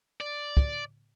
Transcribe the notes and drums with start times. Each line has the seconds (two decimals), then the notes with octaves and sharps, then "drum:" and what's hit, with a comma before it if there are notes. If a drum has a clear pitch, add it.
0.21 D5
0.57 drum: kick